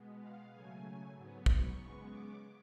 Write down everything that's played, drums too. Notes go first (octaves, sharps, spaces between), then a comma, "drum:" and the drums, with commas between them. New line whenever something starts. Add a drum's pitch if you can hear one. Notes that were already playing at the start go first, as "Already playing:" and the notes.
Already playing: B2 G#3 B3
F5
C#3 F#3 A3 G#5
G#2 F#3 B3
C#6, drum: kick
C#3 G#3 B3
D6